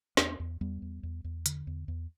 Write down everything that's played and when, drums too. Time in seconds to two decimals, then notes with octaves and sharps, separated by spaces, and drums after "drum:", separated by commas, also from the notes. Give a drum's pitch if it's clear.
0.17 E2 B3 D4, drum: snare
0.40 E2
0.61 E2 G3 B3
0.82 E2
1.03 E2
1.24 E2
1.46 D3, drum: hi-hat
1.67 E2
1.88 E2